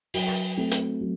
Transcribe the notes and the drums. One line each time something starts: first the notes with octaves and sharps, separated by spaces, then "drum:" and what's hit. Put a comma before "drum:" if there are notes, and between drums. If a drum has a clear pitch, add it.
F#3, drum: open hi-hat
A3 C4
drum: hi-hat
F#3